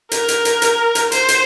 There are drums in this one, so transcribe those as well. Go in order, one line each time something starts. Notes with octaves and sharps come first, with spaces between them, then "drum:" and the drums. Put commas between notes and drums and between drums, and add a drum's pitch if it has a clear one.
A#4, drum: hi-hat
drum: hi-hat
drum: hi-hat
drum: hi-hat
drum: hi-hat
C5, drum: hi-hat
drum: hi-hat